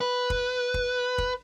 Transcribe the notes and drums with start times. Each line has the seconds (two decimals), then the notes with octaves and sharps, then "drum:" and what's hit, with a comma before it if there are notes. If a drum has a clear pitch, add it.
0.01 B4
0.30 drum: kick
0.74 drum: kick
1.18 drum: kick